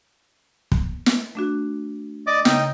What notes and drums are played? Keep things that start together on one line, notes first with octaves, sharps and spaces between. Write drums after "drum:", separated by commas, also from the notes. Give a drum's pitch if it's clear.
drum: kick
drum: snare
A3 D4 F#4
D5 D#5 D6
C#3 D#4 D#5 G5, drum: snare